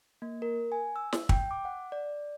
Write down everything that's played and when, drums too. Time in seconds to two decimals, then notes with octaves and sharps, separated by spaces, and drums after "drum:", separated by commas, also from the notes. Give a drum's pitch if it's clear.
0.22 A#3
0.42 A#4
0.72 G#5
0.96 E6
1.13 drum: snare
1.29 G5, drum: kick
1.51 D6
1.65 F#5
1.92 D5